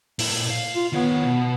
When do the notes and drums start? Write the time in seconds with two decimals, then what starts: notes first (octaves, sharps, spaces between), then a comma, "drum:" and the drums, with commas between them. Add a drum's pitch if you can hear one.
0.19 A#2 E4, drum: open hi-hat
0.50 F5
0.75 F4
0.93 D#3 B3 C#5
1.25 B2